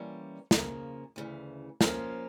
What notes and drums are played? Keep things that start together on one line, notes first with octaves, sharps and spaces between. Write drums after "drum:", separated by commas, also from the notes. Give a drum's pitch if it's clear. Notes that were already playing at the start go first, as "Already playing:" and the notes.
Already playing: E3 G3 A#3 C#4
C#3 F3 A#3, drum: snare
D2 C#3 E3
F3 A#3 C#4 F4, drum: snare